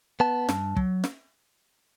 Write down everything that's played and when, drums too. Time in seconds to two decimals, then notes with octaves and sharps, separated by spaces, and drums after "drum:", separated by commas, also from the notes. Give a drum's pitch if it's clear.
0.20 B3 A5
0.49 G2, drum: snare
0.77 F#3, drum: kick
1.04 drum: snare